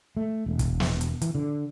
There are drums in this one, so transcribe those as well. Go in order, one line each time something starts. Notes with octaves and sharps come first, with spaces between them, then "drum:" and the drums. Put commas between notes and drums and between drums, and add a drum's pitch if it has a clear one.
A3
E1
drum: kick, hi-hat
drum: snare
drum: hi-hat
E3, drum: hi-hat
D3